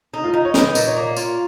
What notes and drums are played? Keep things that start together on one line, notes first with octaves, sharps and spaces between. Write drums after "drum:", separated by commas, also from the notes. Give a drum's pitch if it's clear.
D#4
F4
D#4
C#5
D#4 B4, drum: snare
A#2, drum: tambourine
C#5
A#3
F4, drum: tambourine